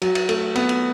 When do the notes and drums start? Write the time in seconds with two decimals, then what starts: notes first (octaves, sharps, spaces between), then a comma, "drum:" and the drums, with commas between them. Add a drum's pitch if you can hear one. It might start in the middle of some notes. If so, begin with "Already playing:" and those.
0.02 F#3, drum: cymbal
0.15 drum: cymbal
0.29 A3, drum: cymbal
0.55 B3, drum: cymbal
0.69 drum: cymbal